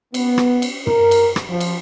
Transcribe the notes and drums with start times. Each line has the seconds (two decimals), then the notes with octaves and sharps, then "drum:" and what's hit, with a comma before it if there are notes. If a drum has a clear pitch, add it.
0.14 B3, drum: cymbal
0.38 drum: rim click
0.62 drum: cymbal
0.87 A#4, drum: tom
1.11 drum: cymbal
1.36 drum: rim click
1.49 F3
1.60 drum: cymbal